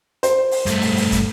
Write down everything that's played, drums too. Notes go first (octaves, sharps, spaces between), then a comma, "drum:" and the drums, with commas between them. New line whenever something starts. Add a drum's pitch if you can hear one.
C5, drum: hi-hat
drum: open hi-hat
G2 A3, drum: hi-hat
drum: open hi-hat
drum: open hi-hat
drum: kick, hi-hat